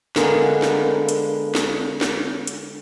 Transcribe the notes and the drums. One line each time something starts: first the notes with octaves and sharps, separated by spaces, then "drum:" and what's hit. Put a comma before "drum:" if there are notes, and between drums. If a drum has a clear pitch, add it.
D3 G#3 A#3 B3, drum: snare
drum: snare
drum: hi-hat
drum: snare
drum: snare
drum: hi-hat